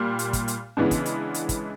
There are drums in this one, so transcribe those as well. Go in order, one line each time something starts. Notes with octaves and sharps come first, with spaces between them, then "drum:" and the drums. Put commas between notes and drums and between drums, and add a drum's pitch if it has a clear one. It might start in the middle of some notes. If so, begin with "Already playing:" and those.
Already playing: A#2 G3
drum: hi-hat
drum: kick, hi-hat
drum: hi-hat
C#3 E3 G#3 B3 D4
drum: kick, hi-hat
drum: hi-hat
drum: hi-hat
drum: kick, hi-hat